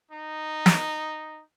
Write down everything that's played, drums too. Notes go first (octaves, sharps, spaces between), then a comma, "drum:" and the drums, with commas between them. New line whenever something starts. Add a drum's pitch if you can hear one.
D#4
drum: snare